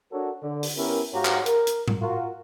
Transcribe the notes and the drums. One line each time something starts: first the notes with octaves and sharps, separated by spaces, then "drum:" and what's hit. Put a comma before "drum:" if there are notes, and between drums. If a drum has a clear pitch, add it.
D4 F#4 A4 A#4 C#5
D3
drum: open hi-hat
B3 C#4 E4 G4 A#4
G#2 F#4 G4 C#5 F5 A#5
drum: clap
A#4, drum: hi-hat
drum: hi-hat
drum: tom G#2
F4 F#4 A#4